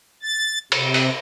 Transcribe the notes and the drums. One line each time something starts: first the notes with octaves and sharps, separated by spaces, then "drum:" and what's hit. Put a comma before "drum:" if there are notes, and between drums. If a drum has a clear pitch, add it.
A6
C3, drum: cymbal
drum: open hi-hat